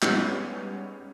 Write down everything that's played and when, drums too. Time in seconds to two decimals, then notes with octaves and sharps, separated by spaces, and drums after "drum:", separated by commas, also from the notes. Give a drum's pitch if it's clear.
0.02 G3 G#3 B3 C#4 D#4, drum: clap